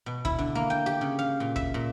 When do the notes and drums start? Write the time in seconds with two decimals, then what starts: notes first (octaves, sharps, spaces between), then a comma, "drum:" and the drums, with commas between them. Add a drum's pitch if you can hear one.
0.06 B2
0.25 E4, drum: kick
0.39 D3
0.55 A#3
0.70 G5
0.86 G4
1.01 C#3
1.19 F5
1.40 A#2
1.56 E5, drum: kick
1.74 A#2